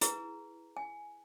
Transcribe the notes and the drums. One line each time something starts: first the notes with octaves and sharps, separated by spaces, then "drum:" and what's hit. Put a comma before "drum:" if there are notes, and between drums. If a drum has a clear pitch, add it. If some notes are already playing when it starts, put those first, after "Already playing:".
E4 G#4 B4 A#5, drum: hi-hat
G#5